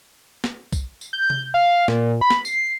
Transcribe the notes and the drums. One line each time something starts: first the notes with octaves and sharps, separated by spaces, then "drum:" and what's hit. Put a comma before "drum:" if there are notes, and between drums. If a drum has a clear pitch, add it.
drum: snare
drum: kick C2, tambourine
drum: tambourine
G6
drum: tom C3
F5
A#2, drum: snare
B5
drum: snare
C7, drum: tambourine